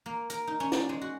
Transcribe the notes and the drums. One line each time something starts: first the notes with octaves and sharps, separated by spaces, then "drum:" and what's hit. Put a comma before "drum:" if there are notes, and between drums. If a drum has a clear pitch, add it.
A#3
A#4, drum: hi-hat
D#4
C#4
D5, drum: snare
G#3
F#4